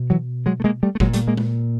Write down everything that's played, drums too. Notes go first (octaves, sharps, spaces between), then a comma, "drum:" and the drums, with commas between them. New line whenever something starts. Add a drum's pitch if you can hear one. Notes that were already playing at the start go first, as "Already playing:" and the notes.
Already playing: B2
E3 F#3
F#3 G#3
A3
G#3 A#3
G3 A3
A3
A#2 F#3 G#3, drum: kick G1
G3 A3, drum: hi-hat
G#3 A#3
drum: tom